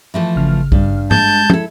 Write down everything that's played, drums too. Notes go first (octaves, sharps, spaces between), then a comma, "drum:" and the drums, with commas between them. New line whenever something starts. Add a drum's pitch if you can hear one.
E3 F3 A3
G#1 C#3 F6
G2, drum: kick
G#3 A5 G6 G#6, drum: tom
E4 A4, drum: tom